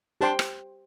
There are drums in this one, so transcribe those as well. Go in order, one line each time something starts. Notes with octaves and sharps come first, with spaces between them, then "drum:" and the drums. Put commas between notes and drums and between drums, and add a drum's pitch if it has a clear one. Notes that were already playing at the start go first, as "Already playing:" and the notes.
D4 G4 C5 G5 C6
drum: rim click